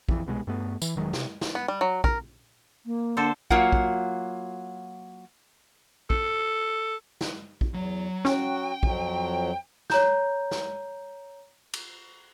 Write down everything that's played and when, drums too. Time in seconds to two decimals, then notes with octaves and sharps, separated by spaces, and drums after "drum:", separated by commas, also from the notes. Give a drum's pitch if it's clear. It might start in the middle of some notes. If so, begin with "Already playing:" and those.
0.09 F2 E3, drum: kick
0.27 C2 B2 E3 G#3
0.47 G2 A3 B3
0.82 E3, drum: tambourine
0.96 E1 D#3 F#3 G#3
1.13 C3, drum: snare
1.41 drum: snare
1.55 B3
1.68 G3
1.81 F#3
2.04 A#4, drum: kick
2.86 A#3
3.17 D3 A4 C5
3.50 F#3 A#3 F4 F#5, drum: kick
3.72 drum: kick
6.10 A4, drum: kick
7.21 drum: snare
7.61 drum: kick
7.74 E2 F#3
8.25 F#3 C#4 F#4 G5, drum: snare
8.83 F2 F#3, drum: kick
9.90 C#5 A#5 G6, drum: snare
10.51 drum: snare
11.73 drum: cymbal